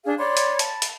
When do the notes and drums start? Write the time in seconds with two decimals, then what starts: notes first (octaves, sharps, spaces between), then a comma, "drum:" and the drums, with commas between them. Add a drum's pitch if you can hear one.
0.05 D4 G#4 F5
0.18 C#5 D5 B5 C6
0.37 drum: hi-hat
0.59 A5 B5, drum: hi-hat
0.82 drum: hi-hat